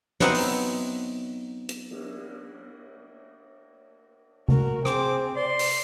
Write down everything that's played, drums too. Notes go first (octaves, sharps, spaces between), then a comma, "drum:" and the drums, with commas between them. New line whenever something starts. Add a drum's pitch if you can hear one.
F#3 B3 C4 D#4 E5 F#5, drum: snare
drum: open hi-hat
drum: hi-hat
drum: cymbal
F#4 A#4, drum: tom C3
C4 G#4 C5 D6, drum: rim click
C5 D5 C6
drum: open hi-hat